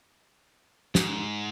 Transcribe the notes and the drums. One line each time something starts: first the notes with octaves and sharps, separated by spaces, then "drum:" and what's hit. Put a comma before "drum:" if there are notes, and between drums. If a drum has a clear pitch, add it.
G#2, drum: snare